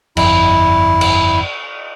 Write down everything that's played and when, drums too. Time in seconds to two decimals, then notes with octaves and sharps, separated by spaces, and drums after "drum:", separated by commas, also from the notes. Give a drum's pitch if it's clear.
0.17 G1 F2 E4, drum: cymbal
1.01 drum: cymbal